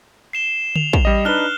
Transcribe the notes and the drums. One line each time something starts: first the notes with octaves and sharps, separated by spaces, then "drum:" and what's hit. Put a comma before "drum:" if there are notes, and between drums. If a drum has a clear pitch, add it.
C7 E7 G7
F7, drum: tom D3
drum: kick
G3 D#5
D4 D#4 B4 F6 F#6 G7